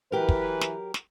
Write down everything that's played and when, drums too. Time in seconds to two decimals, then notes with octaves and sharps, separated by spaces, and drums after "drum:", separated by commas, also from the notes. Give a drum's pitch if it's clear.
0.12 E3 F#3 G4 A#4 B4
0.29 drum: kick
0.61 drum: snare
0.94 drum: snare